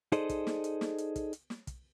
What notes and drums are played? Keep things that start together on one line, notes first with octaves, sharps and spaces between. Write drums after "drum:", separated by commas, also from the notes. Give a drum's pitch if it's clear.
D#4 G#4 A4 C5 D5 D#5, drum: hi-hat
drum: kick, hi-hat
drum: snare
drum: hi-hat
drum: snare
drum: hi-hat
drum: kick, hi-hat
drum: hi-hat
drum: snare
drum: kick, hi-hat